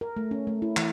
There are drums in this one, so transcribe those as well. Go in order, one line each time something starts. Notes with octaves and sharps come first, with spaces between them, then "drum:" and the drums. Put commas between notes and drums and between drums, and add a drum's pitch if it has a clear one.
A#4
A3
C#4
A3
E4
E3, drum: clap